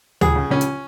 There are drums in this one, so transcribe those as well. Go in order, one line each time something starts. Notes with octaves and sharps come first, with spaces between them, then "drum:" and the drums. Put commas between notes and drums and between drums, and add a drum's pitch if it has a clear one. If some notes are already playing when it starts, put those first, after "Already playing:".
C#2 G#4, drum: tom D2
C#3
C#2 C#4
drum: hi-hat